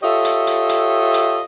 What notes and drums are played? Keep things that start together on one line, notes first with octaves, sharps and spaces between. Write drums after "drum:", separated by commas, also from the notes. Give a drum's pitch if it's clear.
F4 G4 A4 C#5 D#5 E5
drum: hi-hat
drum: hi-hat
drum: hi-hat
drum: hi-hat